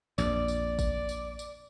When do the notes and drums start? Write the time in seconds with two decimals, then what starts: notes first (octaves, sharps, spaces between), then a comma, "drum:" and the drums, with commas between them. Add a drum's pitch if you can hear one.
0.18 A#1 F2 D5, drum: tambourine
0.48 drum: tambourine
0.79 drum: kick, tambourine
1.09 drum: tambourine
1.39 drum: tambourine